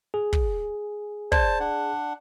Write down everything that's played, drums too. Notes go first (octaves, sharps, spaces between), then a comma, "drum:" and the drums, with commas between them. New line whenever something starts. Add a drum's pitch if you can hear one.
G#4
drum: kick
C5 D5 A5, drum: kick
D4 F#5